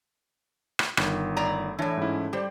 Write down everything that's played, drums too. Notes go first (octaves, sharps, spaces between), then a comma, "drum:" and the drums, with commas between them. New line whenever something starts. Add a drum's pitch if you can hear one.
drum: rim click
G1 D#3, drum: rim click
A2 D5 A#5
A2 E3 D4 C#5 A5
G#2 C#4 E4
G3 G4 C5 D5